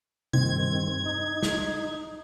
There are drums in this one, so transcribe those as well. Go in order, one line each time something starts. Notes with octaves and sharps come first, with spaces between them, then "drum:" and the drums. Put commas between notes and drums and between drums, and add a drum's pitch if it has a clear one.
G2 D#3 C4 G#6, drum: tom C3
D#4
drum: snare